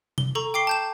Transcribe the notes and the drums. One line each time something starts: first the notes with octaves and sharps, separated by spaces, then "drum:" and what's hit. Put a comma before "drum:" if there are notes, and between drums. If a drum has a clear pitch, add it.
G7, drum: tom C3
A4 A#5 C#6
G5 D6 C7 G7
A5 G6 E7